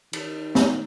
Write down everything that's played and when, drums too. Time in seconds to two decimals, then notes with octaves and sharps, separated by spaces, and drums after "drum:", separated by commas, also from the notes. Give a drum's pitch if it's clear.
0.13 D#3, drum: cymbal
0.55 drum: snare